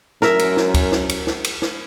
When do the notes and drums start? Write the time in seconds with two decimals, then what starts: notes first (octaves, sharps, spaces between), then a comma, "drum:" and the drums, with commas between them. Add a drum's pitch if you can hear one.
0.22 F#2 A#4 E5, drum: snare
0.39 drum: cymbal
0.57 drum: snare
0.74 drum: kick D2, cymbal
0.92 drum: snare
1.09 drum: cymbal
1.27 drum: snare
1.44 drum: cymbal
1.62 drum: snare